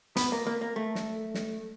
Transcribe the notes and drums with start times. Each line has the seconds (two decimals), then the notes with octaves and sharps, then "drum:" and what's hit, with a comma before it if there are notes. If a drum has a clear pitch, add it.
0.16 B3, drum: hi-hat
0.32 A#3
0.47 A#3
0.61 A#3
0.76 A3
0.95 drum: snare
1.35 drum: snare